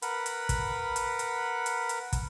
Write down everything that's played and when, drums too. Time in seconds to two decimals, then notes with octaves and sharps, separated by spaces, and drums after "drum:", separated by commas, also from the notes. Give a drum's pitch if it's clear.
0.02 A#4 B4 F#5 B5, drum: hi-hat
0.26 drum: hi-hat
0.49 drum: kick, hi-hat
0.96 drum: hi-hat
1.19 drum: hi-hat
1.66 drum: hi-hat
1.89 drum: hi-hat
2.13 drum: kick, hi-hat